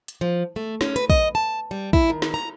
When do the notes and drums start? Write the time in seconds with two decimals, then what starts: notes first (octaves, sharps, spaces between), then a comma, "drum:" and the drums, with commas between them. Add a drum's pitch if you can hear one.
0.08 drum: hi-hat
0.21 F3
0.56 A3
0.81 C#4, drum: snare
0.96 B4, drum: hi-hat
1.10 D#5, drum: kick
1.35 A5
1.71 G3
1.93 E4, drum: kick
2.10 D#3
2.22 drum: snare
2.34 A#5